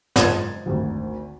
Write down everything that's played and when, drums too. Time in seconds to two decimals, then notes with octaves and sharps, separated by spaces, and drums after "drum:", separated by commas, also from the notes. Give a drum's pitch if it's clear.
0.16 G#2 F4 D#5 A5 G#6 A6, drum: snare
0.66 G#1 D2